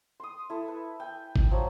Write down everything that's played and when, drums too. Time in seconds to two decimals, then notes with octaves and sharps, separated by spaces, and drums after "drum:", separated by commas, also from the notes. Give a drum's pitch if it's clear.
0.20 C6 D#6
0.50 E4 A4
0.68 B4
1.00 G5 G#5
1.36 drum: kick G#1
1.51 F3 F#3